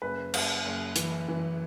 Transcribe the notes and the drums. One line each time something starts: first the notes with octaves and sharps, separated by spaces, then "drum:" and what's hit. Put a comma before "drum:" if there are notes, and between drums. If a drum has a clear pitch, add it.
F#1 B4
F#1, drum: cymbal
F#1
E3, drum: hi-hat
E3